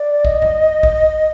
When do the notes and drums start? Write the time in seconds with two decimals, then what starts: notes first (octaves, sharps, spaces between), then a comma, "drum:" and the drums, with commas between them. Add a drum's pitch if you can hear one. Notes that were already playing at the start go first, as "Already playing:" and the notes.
Already playing: D5
0.25 D#5, drum: kick
0.42 drum: tom G2
0.83 drum: kick